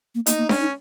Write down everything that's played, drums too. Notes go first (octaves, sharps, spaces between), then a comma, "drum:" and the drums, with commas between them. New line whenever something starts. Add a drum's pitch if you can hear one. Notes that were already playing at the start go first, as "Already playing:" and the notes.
A#3
A#3 D#4, drum: hi-hat
A#3
C#4, drum: snare D4
D#4